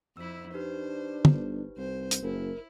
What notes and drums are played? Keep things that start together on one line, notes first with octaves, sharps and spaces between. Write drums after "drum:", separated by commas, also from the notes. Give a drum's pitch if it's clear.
F2 E4 E6 B6
D4 D#4 G4 B4 C5
G1, drum: tom
C2 C5
drum: hi-hat
F#1 E4 A#4